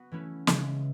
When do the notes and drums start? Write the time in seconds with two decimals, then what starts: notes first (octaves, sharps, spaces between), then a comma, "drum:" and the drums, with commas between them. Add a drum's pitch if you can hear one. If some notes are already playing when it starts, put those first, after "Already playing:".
Already playing: B3 F#4
0.11 E3 A3 C#4 E4 B4
0.47 C#3 E3 G#3, drum: snare